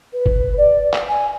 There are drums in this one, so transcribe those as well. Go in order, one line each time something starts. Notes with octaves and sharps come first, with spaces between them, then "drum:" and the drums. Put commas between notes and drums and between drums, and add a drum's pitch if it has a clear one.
B4
drum: kick
D5
drum: clap
G#5